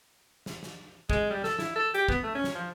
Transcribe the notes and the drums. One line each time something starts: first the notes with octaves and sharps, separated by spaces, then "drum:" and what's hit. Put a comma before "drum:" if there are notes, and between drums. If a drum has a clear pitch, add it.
drum: snare
drum: snare
G#3, drum: kick
G3
A4, drum: snare
E4, drum: snare
A4
G4, drum: hi-hat
B3, drum: kick
A3
C#4
drum: snare
F3